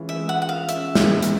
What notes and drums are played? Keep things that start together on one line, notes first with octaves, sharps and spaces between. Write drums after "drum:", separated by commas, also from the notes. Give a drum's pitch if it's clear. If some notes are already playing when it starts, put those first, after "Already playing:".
Already playing: E3 G#3 C#4 F4
E5
G#3
F#5
F4 F#5
F5
C#4 E5, drum: hi-hat
E3, drum: snare
G#3, drum: hi-hat